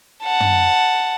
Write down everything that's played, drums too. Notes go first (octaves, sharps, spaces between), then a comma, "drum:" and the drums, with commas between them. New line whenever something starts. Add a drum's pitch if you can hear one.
F#5 A5
drum: tom